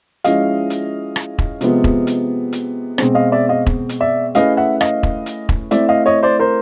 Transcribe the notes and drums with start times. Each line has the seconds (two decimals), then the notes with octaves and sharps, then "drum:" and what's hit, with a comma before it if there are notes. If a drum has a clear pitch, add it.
0.24 F3 G#3 C#4 E4 D#5 F5, drum: hi-hat
0.70 drum: hi-hat
1.16 drum: rim click
1.39 drum: kick E1
1.61 C3 F3 G#3 B3, drum: hi-hat
1.84 drum: kick E1
2.07 drum: hi-hat
2.53 drum: hi-hat
2.98 B2 G#3 C4, drum: rim click
3.15 D#5 F5
3.32 D5 E5
3.49 D#5 F5
3.67 drum: kick E1
3.89 drum: hi-hat
4.01 D5 E5
4.35 A3 C#4 E4 G#4 B4 D#5 F5, drum: hi-hat
4.57 E5 F#5
4.81 D#5 F5, drum: rim click
5.03 drum: kick E1
5.26 drum: hi-hat
5.49 drum: kick E1
5.71 A3 C4 E4 D5 E5, drum: hi-hat
5.89 D#5 F5
6.06 C#5 D#5
6.23 C5 D5
6.39 A#4 C5